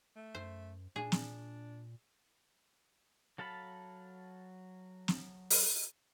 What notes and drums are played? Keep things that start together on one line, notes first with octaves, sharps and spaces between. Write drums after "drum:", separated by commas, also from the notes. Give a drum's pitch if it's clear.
A3
F#2 C5
A#2 D4 G#4
drum: snare
F#3 A4 F5 A5 B5
drum: snare
drum: open hi-hat